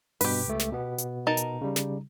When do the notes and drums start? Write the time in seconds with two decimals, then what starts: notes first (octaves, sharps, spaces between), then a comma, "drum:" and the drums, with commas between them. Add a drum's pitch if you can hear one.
0.21 G2 B2 G4 B4, drum: open hi-hat
0.47 C#2 A3
0.59 drum: snare
0.72 B2 B3
0.98 drum: hi-hat
1.27 D#4 A#4 A5
1.37 drum: hi-hat
1.61 C#3 G3
1.76 drum: snare